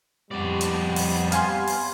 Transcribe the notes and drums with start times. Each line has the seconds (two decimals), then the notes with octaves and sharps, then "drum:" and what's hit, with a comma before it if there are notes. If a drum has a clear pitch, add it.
0.31 F2 G3 B3 D5
0.61 drum: hi-hat
0.96 drum: open hi-hat
1.32 F5 G#5 C6, drum: hi-hat
1.67 drum: open hi-hat